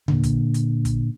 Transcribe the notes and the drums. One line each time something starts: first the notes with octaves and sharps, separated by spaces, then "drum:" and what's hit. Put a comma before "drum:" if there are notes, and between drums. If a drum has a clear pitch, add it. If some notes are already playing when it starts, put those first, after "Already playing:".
A#2 D3, drum: tom D#2
drum: kick, hi-hat
drum: hi-hat
drum: kick, hi-hat